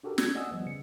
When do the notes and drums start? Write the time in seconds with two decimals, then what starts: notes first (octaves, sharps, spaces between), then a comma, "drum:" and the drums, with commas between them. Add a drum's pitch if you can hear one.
0.03 D4 F#4 G4 A4 A#4
0.18 G#6, drum: snare
0.35 D5 D#5 F#5 G#5 D#6 E6
0.51 F3 G3 B3
0.66 C#3 C#7